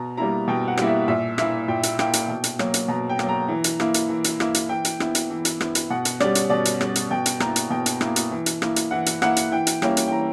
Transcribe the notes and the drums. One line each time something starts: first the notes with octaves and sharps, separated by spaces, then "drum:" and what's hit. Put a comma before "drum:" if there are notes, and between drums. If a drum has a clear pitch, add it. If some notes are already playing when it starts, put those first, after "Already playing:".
Already playing: B2 A#5
G3 A#3 E4 A#5
B2 G5
F#5
G3 A#3 E4, drum: rim click
E5
A#2 E5
A#3 E4 E5, drum: rim click
A#2 G5
drum: hi-hat
A#3 E4 G5, drum: rim click
drum: hi-hat
B2
drum: hi-hat
F#3 A#3, drum: rim click
drum: hi-hat
B2 A#5
G5
F#3 A#3, drum: rim click
A#5
E3
drum: hi-hat
A#3 E4, drum: rim click
drum: hi-hat
E3
drum: hi-hat
A#3 E4, drum: rim click
drum: hi-hat
E3 G5
drum: hi-hat
B3 E4, drum: rim click
drum: hi-hat
E3
drum: hi-hat
B3 E4, drum: rim click
drum: hi-hat
B2 F#5
drum: hi-hat
G3 C#4 D5, drum: rim click
drum: hi-hat
B2 D5
drum: hi-hat
G3 C#4, drum: rim click
drum: hi-hat
B2 G5
drum: hi-hat
A#3 E4 A#5, drum: rim click
drum: hi-hat
B2 G5
drum: hi-hat
A#3 E4, drum: rim click
drum: hi-hat
E3
drum: hi-hat
A#3 E4, drum: rim click
drum: hi-hat
E3 F#5
drum: hi-hat
A#3 E4 F#5, drum: rim click
drum: hi-hat
E3 G5
drum: hi-hat
G3 A#3 C#4 E4 G5, drum: rim click
drum: hi-hat
G5
E3 A#5